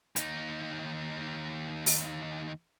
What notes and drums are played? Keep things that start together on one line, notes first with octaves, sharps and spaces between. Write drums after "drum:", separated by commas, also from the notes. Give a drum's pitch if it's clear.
D#2 D#4, drum: hi-hat
drum: open hi-hat